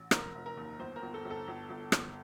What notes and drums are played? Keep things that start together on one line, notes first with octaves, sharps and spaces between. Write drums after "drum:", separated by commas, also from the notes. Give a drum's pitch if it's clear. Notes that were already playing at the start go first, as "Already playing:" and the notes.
Already playing: A1
F1 A#4, drum: rim click
F1
A#4
D#2
G1 C5
A#4
G1
A4
G1
A4
G1
G1
G1, drum: rim click